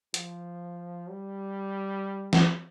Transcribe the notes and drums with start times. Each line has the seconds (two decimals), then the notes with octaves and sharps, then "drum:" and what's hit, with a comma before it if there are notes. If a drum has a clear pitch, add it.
0.14 F3, drum: hi-hat
1.10 G3
2.33 drum: snare